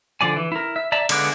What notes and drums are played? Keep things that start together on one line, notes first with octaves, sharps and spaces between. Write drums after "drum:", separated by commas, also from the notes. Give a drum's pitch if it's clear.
D3 F3 D5 G#5
E3
E4 A#4
E5
D5 E5 A5 A#5
D3 G#3 B3 D6 F#6, drum: cymbal